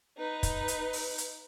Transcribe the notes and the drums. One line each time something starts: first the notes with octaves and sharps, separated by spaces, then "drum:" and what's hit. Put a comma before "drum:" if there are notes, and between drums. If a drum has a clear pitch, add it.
D#4 B4
drum: kick, hi-hat
drum: hi-hat
drum: open hi-hat
drum: hi-hat